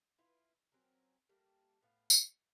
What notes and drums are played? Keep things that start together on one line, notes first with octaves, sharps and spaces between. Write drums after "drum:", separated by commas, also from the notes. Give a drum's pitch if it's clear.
E4 F4 B4
F#3 C4 C#4 A#4
G3 A3 A#3 D4
A2 A3 B3 F5
drum: tambourine